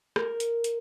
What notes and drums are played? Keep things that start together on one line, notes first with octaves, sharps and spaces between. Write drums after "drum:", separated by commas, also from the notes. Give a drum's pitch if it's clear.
A#4, drum: rim click
drum: hi-hat
drum: hi-hat